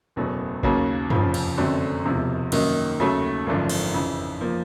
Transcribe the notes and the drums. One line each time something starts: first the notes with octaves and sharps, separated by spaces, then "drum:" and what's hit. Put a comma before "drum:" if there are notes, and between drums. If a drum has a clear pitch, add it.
F#1 E2 B2 F#3 A3
D#2 C#3 F#3 A#3, drum: kick A1
F1 F2 C#3 F3, drum: tom
drum: cymbal
F#2 D3 F#3 A3 C4
E1 E2 C3 F3
F#2 D#3 F#3 A#3 D#4, drum: cymbal
D#2 C#3 F#3 A3
G#1 F#2 D3 F3
drum: cymbal
F2 C#3 E3
F3 A#3